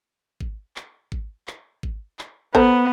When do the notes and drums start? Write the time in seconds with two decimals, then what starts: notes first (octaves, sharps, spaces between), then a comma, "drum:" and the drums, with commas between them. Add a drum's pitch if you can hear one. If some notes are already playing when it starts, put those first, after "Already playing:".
0.41 drum: kick G#1
0.76 drum: clap
1.12 drum: kick G#1
1.48 drum: clap
1.83 drum: kick G#1
2.19 drum: clap
2.55 B3 A4 C5 A#5, drum: kick G#1